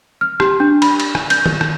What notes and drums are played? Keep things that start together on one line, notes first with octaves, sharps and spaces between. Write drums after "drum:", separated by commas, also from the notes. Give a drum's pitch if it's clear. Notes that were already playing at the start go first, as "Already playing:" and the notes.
F6
G4, drum: rim click
D4
B5, drum: cymbal
drum: cymbal
drum: rim click
G6, drum: cymbal
drum: tom
drum: rim click